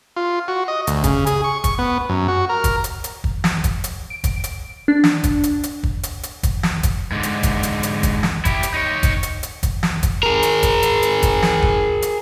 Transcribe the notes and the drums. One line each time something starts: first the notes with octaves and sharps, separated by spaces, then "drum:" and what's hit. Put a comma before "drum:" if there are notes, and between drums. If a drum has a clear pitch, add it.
F4
F#4
D#5
D2, drum: hi-hat
C#3, drum: kick, hi-hat
G#4, drum: hi-hat
C#6
C#6, drum: kick, hi-hat
B3
F#2
F#4
A#4
drum: kick, hi-hat
drum: hi-hat
drum: hi-hat
drum: kick
drum: snare
drum: kick, hi-hat
drum: hi-hat
D7
drum: kick, hi-hat
drum: hi-hat
D4
drum: snare
drum: kick, hi-hat
drum: hi-hat
drum: hi-hat
drum: kick
drum: hi-hat
drum: hi-hat
drum: kick, hi-hat
drum: snare
drum: kick, hi-hat
G#2 D3
drum: hi-hat
drum: kick, hi-hat
drum: hi-hat
drum: hi-hat
drum: kick, hi-hat
drum: snare
E4 G4, drum: kick, hi-hat
drum: hi-hat
D#4 C#5
drum: kick, hi-hat
drum: hi-hat
drum: hi-hat
drum: kick, hi-hat
drum: snare
drum: kick, hi-hat
G#4 A#4
drum: hi-hat
drum: kick, hi-hat
drum: hi-hat
drum: hi-hat
drum: kick, hi-hat
drum: snare
drum: kick
drum: hi-hat